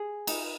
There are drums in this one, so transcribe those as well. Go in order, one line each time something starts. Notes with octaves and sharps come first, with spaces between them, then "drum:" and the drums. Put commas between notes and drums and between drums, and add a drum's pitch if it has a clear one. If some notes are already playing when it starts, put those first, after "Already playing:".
Already playing: G#4
D#4, drum: cymbal